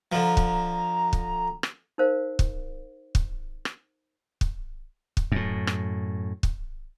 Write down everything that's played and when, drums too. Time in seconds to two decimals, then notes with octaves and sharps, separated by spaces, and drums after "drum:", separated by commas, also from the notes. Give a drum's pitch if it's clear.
0.12 D3 F3 A#5
0.37 drum: kick
1.13 drum: kick
1.63 drum: rim click
1.98 D#4 A#4 C5 F5
2.39 drum: kick
3.15 drum: kick
3.65 drum: rim click
4.41 drum: kick
5.17 drum: kick
5.32 F#2 A2
5.67 drum: rim click
6.43 drum: kick